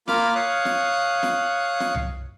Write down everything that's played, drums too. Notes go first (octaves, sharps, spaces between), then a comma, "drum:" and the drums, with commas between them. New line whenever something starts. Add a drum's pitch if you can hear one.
A#3 F4 B5 D6 F6, drum: snare
C#5 F5 D#6 F#6
drum: snare
drum: snare
drum: snare
drum: tom C2